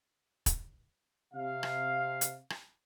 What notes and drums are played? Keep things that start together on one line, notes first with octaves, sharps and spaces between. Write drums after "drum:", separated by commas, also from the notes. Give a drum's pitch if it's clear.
drum: kick, hi-hat
C3 F5
drum: rim click
drum: hi-hat
drum: rim click